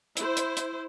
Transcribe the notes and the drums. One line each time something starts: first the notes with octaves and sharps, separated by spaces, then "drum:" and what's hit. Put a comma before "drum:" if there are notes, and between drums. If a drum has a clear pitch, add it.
E4 C5, drum: hi-hat
drum: hi-hat
drum: hi-hat